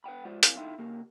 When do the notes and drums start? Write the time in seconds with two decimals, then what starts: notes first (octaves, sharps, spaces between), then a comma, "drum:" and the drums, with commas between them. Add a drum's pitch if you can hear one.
0.04 B4 F#5 G5 B5
0.25 G#3 F4 C5 D5
0.43 C4 E4 A#4 C#5 F5 G#5, drum: hi-hat
0.57 D3 D#4 E4 F5 G5 C6
0.78 C#3 A#3 G4 A#4